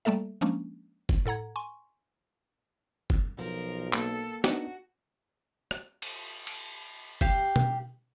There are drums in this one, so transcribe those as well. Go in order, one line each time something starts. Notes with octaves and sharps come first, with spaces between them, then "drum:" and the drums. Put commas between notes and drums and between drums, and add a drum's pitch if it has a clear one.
G3 A3 A#3 A4 E5
F3 G#3 A#3 C#4 D4
drum: kick F#1
A2 A4 F#5 A#5 G#6
G#5 C6 C#6
drum: kick F#1
B1 F3 A#4
A#3 A4, drum: clap
B3 D4 D#4 F#4, drum: snare
drum: rim click
drum: cymbal
drum: cymbal
G4 F5, drum: kick F#1
drum: tom